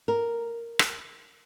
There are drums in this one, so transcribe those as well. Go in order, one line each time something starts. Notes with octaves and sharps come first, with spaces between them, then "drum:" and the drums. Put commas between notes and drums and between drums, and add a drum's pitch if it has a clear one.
A#4
drum: rim click